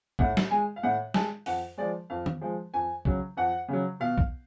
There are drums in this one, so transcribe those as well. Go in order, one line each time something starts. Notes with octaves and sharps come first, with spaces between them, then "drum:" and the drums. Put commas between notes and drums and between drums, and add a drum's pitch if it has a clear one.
A2 F#5, drum: kick B1
drum: snare
G#3 G#5
F5
A2 F#5
G#3 A5, drum: snare
F2 F#5, drum: open hi-hat
F3 G#3 D5
F2 F5
drum: tom
F3 G#3
F2 G#5
C#3 F#3, drum: kick B1
F2 F#5
C#3 F#3
B2 F5
drum: kick B1